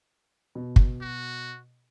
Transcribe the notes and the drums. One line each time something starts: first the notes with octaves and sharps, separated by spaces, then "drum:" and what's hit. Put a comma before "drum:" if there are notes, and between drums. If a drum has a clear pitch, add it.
B2
drum: kick
F#4